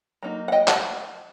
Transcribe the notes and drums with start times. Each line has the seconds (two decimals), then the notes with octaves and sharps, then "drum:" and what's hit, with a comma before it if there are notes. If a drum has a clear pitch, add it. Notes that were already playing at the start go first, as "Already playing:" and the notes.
0.23 F#3 A#3 D#4
0.48 F#5
0.52 D#5 G5
0.68 F#5 A5, drum: clap